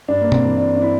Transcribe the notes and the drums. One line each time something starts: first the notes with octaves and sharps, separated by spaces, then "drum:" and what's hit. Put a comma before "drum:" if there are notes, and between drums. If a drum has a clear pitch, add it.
G2 D4
A#3
C4, drum: tom B2
E3 A#3
D4
D4
E4